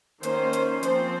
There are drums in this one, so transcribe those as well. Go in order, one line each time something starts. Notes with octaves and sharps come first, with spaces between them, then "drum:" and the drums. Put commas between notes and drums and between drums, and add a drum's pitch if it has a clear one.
D#3 A#3 C#4 C5, drum: hi-hat
drum: hi-hat
F3 C4 C5, drum: hi-hat